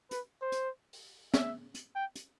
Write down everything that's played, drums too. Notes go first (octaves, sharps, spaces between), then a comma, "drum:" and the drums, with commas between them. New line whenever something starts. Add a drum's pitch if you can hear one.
B4, drum: hi-hat
C5
drum: hi-hat
drum: open hi-hat
E5, drum: snare
drum: hi-hat
G5
drum: hi-hat